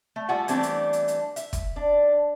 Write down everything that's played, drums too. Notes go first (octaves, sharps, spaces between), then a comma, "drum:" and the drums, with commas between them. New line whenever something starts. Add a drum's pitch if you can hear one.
A3
G3 A3 F4 F#5 G#5
E3 G3 A3 B3 C4 D4, drum: hi-hat
drum: hi-hat
drum: hi-hat
drum: hi-hat
E5, drum: hi-hat
drum: kick, hi-hat
D4